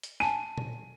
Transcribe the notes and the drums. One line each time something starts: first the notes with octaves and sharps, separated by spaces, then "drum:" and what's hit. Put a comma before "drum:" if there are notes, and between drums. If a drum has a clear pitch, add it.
drum: hi-hat
G#5 A5 D#7
drum: tom A#2